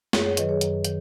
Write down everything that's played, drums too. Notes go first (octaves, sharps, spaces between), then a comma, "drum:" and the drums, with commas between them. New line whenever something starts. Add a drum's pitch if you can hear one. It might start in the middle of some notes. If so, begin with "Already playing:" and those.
F#2 G#4 C#5, drum: snare A3
G#4 C#5
D#3 F#3 B4 D#5, drum: hi-hat
G#4 C#5
F#2, drum: hi-hat
D#3, drum: hi-hat